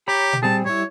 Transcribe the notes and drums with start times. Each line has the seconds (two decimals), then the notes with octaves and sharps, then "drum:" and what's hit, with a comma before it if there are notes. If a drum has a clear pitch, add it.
0.08 G4 C#5 A#5 B5
0.33 drum: tom A#2
0.43 G3 C4 G#4 A5
0.65 G3 E4 C#5